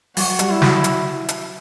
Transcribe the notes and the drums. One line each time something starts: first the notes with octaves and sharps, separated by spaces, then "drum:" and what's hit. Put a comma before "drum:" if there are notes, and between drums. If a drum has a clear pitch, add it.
F#3 F#4, drum: open hi-hat
G3, drum: hi-hat
E4
F#3, drum: snare
drum: hi-hat
drum: hi-hat